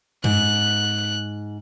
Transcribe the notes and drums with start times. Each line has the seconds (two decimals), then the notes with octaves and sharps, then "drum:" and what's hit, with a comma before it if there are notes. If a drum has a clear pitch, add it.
0.24 G#2 F#6, drum: tom F#2